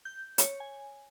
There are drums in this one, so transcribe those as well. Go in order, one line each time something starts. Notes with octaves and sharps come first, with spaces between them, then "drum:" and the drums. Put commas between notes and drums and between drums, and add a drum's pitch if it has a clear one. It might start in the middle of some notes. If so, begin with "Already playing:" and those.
G6
C#5, drum: hi-hat
G#5